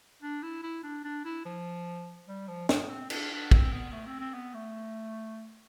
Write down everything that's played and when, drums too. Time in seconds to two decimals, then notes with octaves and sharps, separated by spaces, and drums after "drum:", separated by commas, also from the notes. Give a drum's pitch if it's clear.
0.22 D4
0.42 E4
0.63 E4
0.83 D4
1.04 D4
1.25 E4
1.45 F3
2.28 G3
2.48 F3
2.69 B3, drum: snare
2.89 C4
3.10 D4, drum: cymbal
3.31 D4
3.51 C4, drum: kick
3.72 B3
3.92 A3
4.06 C4
4.20 C4
4.34 B3
4.54 A3